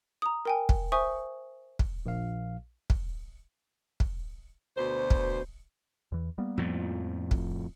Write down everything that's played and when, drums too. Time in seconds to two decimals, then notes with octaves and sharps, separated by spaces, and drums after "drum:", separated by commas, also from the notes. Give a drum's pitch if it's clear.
0.22 A#5 D#6
0.45 A#4 G5 G#5
0.69 drum: kick
0.92 C5 E5 G#5 C#6 D#6
1.79 drum: kick
2.06 A#1 F5
2.90 drum: kick
4.00 drum: kick
4.77 D2 B2 B4 C5
5.10 drum: kick
6.12 E2 E3
6.38 G3 A#3 B3
6.58 F2 A2 F3
7.31 drum: kick